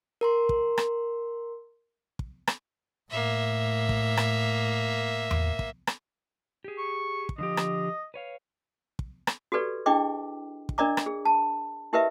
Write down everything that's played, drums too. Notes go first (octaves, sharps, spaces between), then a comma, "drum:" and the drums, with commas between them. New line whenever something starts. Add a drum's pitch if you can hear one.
A#4 A#5 C6
drum: kick
drum: rim click
drum: kick
drum: rim click
A2 A#3 E5
drum: kick
drum: rim click
drum: tom E2
drum: kick
drum: rim click
G4 G#4
C#6
drum: kick
D3 F3 G4 D#5
drum: rim click
B4 C#5 F5
drum: kick
drum: rim click
F#4 G4 A4 B4 D5
D4 E4 G#4 D#5 G5 D6
drum: kick
D4 A#4 D5 D#5 A#5 D6
drum: rim click
G#4
A5
E4 G4 A#4 B4 D#5 E5